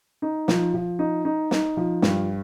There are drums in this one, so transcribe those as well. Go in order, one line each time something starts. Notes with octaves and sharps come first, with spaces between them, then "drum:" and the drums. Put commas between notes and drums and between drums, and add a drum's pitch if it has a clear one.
D#4
F3, drum: snare
F3
D#4
D#4
D#4, drum: snare
F3
G2, drum: snare